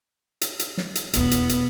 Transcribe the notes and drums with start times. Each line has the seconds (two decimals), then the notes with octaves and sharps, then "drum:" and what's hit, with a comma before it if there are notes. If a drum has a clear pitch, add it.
0.41 drum: hi-hat
0.59 drum: hi-hat
0.77 drum: snare
0.95 drum: hi-hat
1.13 E1 E2 B3, drum: hi-hat
1.31 drum: hi-hat
1.49 drum: hi-hat